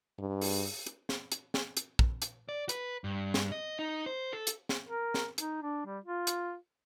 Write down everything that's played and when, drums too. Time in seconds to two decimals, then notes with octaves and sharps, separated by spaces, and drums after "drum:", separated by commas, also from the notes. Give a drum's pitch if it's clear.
0.19 G2
0.41 drum: open hi-hat
0.87 drum: hi-hat
1.09 drum: snare
1.32 drum: hi-hat
1.54 drum: snare
1.77 drum: hi-hat
1.99 drum: kick
2.22 drum: hi-hat
2.49 D5
2.69 B4, drum: hi-hat
3.04 G2
3.34 drum: snare
3.52 D#5
3.79 D#4
4.06 C5
4.33 A4
4.47 drum: hi-hat
4.69 drum: snare
4.88 A#4
5.14 drum: snare
5.38 D#4, drum: hi-hat
5.63 D4
5.86 G3
6.04 F4
6.27 drum: hi-hat